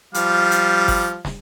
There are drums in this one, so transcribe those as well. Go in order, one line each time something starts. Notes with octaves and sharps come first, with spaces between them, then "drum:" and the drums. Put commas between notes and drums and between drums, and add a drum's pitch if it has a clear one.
F3 G3 F5, drum: hi-hat
drum: hi-hat
drum: kick G1, open hi-hat
drum: snare